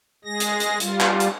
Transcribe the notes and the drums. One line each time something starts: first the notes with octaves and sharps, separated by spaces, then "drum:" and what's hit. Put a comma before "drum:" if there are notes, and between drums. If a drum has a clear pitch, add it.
G#3 G#4 A#6
drum: hi-hat
drum: hi-hat
G3 F4, drum: hi-hat
drum: clap
drum: hi-hat